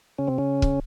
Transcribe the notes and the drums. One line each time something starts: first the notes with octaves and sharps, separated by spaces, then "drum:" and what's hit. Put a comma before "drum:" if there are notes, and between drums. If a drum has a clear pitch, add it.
C#3 C#4
C3 C4
C#3 C#4
drum: kick